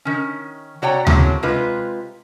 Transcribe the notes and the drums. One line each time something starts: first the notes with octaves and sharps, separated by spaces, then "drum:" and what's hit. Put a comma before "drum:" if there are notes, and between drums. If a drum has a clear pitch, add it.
D#3 C#4
C3 F#4 C#5 D5 G5 A#5
A2 C#3 F#3 A#3 C4, drum: tom D2
C3 G#3 F4 B4